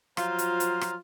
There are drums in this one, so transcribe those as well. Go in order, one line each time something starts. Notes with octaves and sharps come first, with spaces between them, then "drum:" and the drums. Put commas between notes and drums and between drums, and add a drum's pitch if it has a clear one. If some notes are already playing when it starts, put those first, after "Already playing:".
F3 F#3 F4 C5 F5 A#5, drum: rim click
drum: hi-hat
drum: hi-hat
drum: rim click